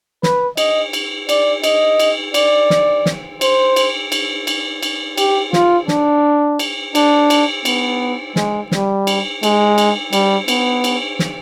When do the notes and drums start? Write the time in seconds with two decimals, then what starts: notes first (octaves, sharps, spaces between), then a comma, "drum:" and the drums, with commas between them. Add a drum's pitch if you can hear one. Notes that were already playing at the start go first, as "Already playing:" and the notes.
0.23 B4, drum: snare
0.57 D#5, drum: cymbal
0.93 drum: cymbal
1.29 D5, drum: cymbal
1.64 D#5, drum: cymbal
1.99 drum: cymbal
2.34 D5, drum: cymbal
2.70 drum: snare
3.06 drum: snare
3.41 C5, drum: cymbal
3.76 drum: cymbal
4.12 drum: cymbal
4.47 drum: cymbal
4.83 drum: cymbal
5.18 G4, drum: cymbal
5.53 F4, drum: snare
5.88 D4, drum: snare
6.59 drum: cymbal
6.95 D4, drum: cymbal
7.30 drum: cymbal
7.65 B3, drum: cymbal
8.36 G#3, drum: snare
8.72 G3, drum: snare
9.07 drum: cymbal
9.43 G#3, drum: cymbal
9.78 drum: cymbal
10.13 G3, drum: cymbal
10.48 B3, drum: cymbal
10.84 drum: cymbal
11.19 drum: snare